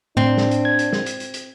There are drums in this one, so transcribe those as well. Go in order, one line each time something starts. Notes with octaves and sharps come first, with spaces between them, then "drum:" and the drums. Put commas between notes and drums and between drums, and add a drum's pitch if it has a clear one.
A2 C4 D4
drum: snare
drum: hi-hat
G#6
drum: hi-hat
drum: snare
drum: hi-hat
drum: hi-hat
drum: hi-hat